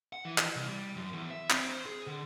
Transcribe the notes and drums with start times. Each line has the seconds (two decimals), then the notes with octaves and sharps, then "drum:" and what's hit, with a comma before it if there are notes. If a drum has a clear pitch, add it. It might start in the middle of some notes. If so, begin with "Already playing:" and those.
0.13 F#5
0.25 E3
0.38 drum: clap
0.56 C2
0.69 G3
0.97 F#2
1.13 E2
1.31 E5
1.50 C4, drum: clap
1.69 C5
1.86 G#4
2.07 D3